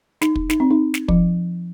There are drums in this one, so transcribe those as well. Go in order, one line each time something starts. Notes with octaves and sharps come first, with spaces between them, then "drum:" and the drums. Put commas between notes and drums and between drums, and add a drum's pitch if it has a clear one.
D#4, drum: snare
drum: kick
D#4, drum: snare
C4
D#4
drum: snare
F3, drum: kick